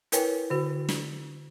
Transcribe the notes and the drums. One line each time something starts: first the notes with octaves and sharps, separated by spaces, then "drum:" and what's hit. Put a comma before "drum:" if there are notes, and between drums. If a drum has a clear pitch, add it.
E4 A#4 B4 C#5 G5 G#5, drum: hi-hat
D3 F#4
drum: snare